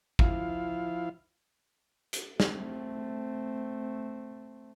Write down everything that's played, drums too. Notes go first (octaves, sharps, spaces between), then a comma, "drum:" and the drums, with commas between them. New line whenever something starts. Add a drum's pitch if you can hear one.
F3 E4 F5, drum: kick G#1
drum: hi-hat
A3 C4, drum: snare